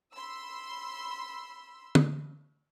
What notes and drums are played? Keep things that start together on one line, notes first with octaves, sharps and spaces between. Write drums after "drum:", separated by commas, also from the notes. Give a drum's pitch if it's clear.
B5 C6 E6
drum: tom